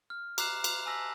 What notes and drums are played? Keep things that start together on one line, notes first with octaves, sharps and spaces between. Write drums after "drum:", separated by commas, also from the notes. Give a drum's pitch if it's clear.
F6
A#5 D6 F6 F#6 C7 E7, drum: cymbal
drum: cymbal
G#5 A5 E6 A#6 B6 F#7